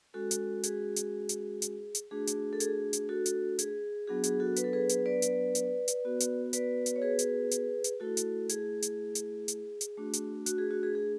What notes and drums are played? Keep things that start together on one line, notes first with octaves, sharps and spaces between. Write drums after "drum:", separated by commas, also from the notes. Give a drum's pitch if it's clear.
G#3 C#4 F#4 A4
drum: hi-hat
G#4, drum: hi-hat
drum: hi-hat
drum: hi-hat
drum: hi-hat
drum: hi-hat
A3 D4 F#4 G#4
drum: hi-hat
A4
G#4, drum: hi-hat
drum: hi-hat
F#4 A4
drum: hi-hat
G#4, drum: hi-hat
F#3 B3 D4 F#4 G#4
G#4, drum: hi-hat
F#4 A4
B4, drum: hi-hat
A4
G#4 B4
drum: hi-hat
B4 D5
drum: hi-hat
drum: hi-hat
drum: hi-hat
B3 F#4
drum: hi-hat
B4 D5, drum: hi-hat
drum: hi-hat
C#5
G#4 B4
drum: hi-hat
drum: hi-hat
drum: hi-hat
A3 E4 F#4 A4
drum: hi-hat
G#4, drum: hi-hat
drum: hi-hat
drum: hi-hat
drum: hi-hat
drum: hi-hat
A3 D4 F#4
drum: hi-hat
F#4, drum: hi-hat
G#4
F#4
G#4
G#4